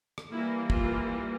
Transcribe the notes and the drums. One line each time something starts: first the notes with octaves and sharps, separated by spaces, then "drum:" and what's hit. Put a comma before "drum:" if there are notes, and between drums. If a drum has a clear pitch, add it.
drum: rim click
E3 G3 A#3 E4
F4, drum: kick